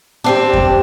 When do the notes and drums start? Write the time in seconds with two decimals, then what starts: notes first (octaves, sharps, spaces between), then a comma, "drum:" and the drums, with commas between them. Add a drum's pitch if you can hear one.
0.24 G3 C4 D4
0.53 drum: kick F2